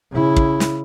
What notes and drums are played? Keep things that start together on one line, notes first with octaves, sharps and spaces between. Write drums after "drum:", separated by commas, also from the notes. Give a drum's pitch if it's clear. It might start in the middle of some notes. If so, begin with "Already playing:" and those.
C#3 E4
drum: kick
drum: snare